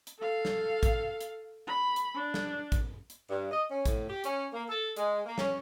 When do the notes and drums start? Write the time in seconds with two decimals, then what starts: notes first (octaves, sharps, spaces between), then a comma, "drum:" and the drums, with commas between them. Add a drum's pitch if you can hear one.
0.07 drum: hi-hat
0.19 A4 F5
0.45 drum: snare
0.83 drum: kick A1, hi-hat
1.21 drum: hi-hat
1.67 B5
1.96 drum: hi-hat
2.14 D4
2.34 drum: snare
2.72 drum: kick A1, hi-hat
3.10 drum: hi-hat
3.29 G2
3.51 D#5
3.70 C#4
3.86 A2, drum: kick A1, hi-hat
4.07 G4
4.24 C#4, drum: hi-hat
4.53 A#3
4.68 A4
4.96 G#3, drum: hi-hat
5.24 A#3
5.38 C#4, drum: snare